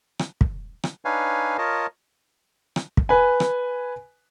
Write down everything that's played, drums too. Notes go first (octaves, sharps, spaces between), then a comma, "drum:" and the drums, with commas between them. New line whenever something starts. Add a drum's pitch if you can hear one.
drum: rim click
drum: kick
drum: rim click
D4 D#4 B4 C#5 F5 G#5
F4 A#4 C#5 D#5 A5
drum: rim click
drum: kick
B4 G#5
drum: rim click